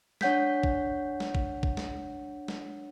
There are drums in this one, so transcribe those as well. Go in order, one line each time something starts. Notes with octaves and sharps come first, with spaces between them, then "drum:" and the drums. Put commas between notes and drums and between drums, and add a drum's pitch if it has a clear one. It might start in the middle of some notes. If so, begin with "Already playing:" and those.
D4 C#5 F#5 G6 B6, drum: snare
drum: kick
drum: snare
drum: kick
drum: kick
drum: snare
drum: snare